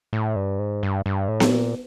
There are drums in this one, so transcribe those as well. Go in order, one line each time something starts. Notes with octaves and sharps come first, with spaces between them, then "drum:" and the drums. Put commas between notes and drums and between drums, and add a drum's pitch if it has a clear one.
A2
G2
G#2
G2
G2
A2
drum: snare B3
A#2